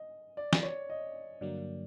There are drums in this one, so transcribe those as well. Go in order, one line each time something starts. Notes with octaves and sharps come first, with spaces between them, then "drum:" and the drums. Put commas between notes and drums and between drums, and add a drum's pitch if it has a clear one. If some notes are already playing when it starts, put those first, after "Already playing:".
Already playing: D#5
D5
drum: snare
C#5
D#5
G2 D3 F#3 A#3 D5